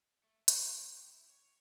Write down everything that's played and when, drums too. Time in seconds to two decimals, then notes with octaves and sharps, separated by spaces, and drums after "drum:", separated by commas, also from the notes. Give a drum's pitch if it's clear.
0.24 A3
0.48 C#3, drum: hi-hat
0.74 E2
0.89 G4
1.11 E4
1.30 C#5